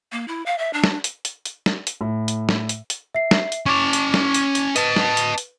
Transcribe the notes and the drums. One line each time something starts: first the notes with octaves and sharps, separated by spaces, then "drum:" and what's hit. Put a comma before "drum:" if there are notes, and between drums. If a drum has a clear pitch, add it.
A#3
E4
F5
E5
D4
drum: snare
drum: hi-hat
drum: hi-hat
drum: hi-hat
drum: snare
drum: hi-hat
A2
drum: hi-hat
drum: snare
drum: hi-hat
drum: hi-hat
E5 C7
drum: snare
drum: hi-hat
C#4 A5 C#6 D6 F7
drum: hi-hat
drum: snare
drum: hi-hat
drum: hi-hat
B4 D#5 A5, drum: hi-hat
drum: snare
drum: hi-hat
drum: hi-hat